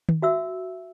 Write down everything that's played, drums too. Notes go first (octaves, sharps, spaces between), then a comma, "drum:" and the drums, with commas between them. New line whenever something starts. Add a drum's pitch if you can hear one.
drum: tom D#3
F#4 E5 E6